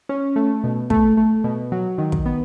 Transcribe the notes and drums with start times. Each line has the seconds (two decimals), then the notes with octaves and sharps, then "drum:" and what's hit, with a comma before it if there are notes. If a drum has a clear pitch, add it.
0.09 C#4
0.36 A3
0.64 B2
0.90 A3, drum: kick
1.17 A3
1.44 B2
1.72 F#3
1.98 D#3
2.12 drum: kick
2.26 B3